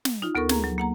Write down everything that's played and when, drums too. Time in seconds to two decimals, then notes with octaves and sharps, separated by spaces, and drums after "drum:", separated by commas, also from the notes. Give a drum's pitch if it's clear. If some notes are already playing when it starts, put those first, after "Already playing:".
0.05 drum: snare
0.22 D#4 F4
0.35 D2 B3 A4 A#4 C#6
0.49 G#4 A#5, drum: snare
0.64 F#3
0.78 A#3 F#5 A#5